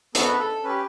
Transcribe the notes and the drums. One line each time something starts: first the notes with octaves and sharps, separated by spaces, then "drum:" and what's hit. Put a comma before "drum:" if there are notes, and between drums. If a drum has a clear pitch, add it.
B3 F#4 A4, drum: hi-hat
B4
A4
C#4 G4 B4